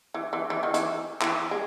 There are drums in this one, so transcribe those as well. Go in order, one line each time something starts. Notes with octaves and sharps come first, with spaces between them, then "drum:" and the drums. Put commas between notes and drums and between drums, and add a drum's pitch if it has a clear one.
E3
E3
E3
D#3
E3, drum: hi-hat
E3, drum: clap
G#3